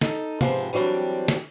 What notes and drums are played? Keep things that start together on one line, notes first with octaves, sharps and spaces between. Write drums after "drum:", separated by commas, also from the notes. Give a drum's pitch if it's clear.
D#4 A4, drum: snare
G#2 C3 F3 B3 C4, drum: tom
E3 F#3 G3 C4 D4
drum: snare